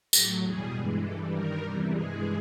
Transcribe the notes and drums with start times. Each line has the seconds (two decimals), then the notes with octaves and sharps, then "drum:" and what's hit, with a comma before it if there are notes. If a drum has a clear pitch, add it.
0.13 A2 F#3 G4, drum: tambourine
0.43 E2 B2 G3 G#4
0.73 G2 E3 G#3
1.02 G2 E3 G3 A4
1.32 G2 D#3 G3 A#4
1.62 E2 C3 E3 G3
1.91 G2 E3 G#3 G#4